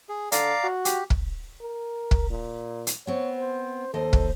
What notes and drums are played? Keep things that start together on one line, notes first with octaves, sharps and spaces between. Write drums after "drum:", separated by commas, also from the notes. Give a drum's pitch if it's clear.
G#4
D3 D5 F5 A#5, drum: hi-hat
F#4
G4, drum: hi-hat
drum: kick
A#4
drum: kick
A#2
drum: hi-hat
B3 C4 C#5
C5
D#2 A4 C5 D#5
drum: kick